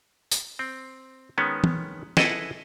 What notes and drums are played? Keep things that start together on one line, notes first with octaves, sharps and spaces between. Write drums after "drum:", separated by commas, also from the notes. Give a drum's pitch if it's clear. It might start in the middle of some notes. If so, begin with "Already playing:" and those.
drum: tambourine
C4
D#3 G#3 B3 C#4
drum: tom
E4 G#4 A4 B4 D#5 F#5, drum: snare